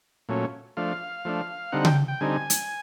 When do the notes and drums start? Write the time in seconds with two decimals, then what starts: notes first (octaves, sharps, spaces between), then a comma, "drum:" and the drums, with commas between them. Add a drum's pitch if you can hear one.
0.29 A#2 F#3 A3 C#4
0.77 F3 A3 D4 F5
1.25 F3 A3 D4
1.72 D3 G3 C4 D#4 F#5
1.85 G5, drum: tom C#3
2.08 G5
2.21 D3 G3 C4 D#4 G#5
2.50 drum: hi-hat